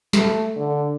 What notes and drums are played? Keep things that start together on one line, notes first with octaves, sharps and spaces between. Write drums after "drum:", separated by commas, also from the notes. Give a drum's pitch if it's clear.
A3, drum: snare
D3